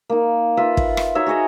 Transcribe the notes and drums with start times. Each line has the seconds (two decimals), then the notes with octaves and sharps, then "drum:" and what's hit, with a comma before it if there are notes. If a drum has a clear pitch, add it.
0.09 A#3 D#4
0.57 F4 B4 E5
0.77 drum: kick
0.97 drum: rim click
1.15 D#4 F#4 C#5 E5
1.26 F#4 G#4 C#5 D#5